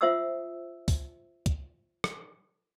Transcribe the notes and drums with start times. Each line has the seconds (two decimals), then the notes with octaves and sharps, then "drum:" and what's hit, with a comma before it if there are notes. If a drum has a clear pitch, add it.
0.01 F4 C5 E5 F#5 D#6 E6
0.88 drum: kick, open hi-hat
1.46 drum: kick, hi-hat
2.04 drum: rim click